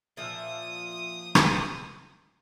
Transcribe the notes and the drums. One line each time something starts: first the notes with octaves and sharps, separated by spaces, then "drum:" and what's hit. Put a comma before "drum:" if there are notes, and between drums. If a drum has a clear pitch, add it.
A#2 F3 E5 D#6
drum: rim click